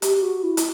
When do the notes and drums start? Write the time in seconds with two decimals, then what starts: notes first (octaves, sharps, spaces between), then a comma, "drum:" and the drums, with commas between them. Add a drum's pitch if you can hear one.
0.02 G4, drum: hi-hat
0.17 G4
0.23 F#4
0.43 E4
0.57 drum: hi-hat